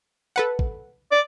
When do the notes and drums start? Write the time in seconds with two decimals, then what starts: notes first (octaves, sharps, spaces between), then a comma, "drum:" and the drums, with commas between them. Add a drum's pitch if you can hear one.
0.36 A4 B4 F#5
0.59 drum: kick
1.11 D5